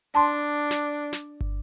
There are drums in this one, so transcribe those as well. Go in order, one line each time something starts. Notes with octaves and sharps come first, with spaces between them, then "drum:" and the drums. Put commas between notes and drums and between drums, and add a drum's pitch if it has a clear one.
D4 A5 C6
drum: snare
drum: snare
drum: kick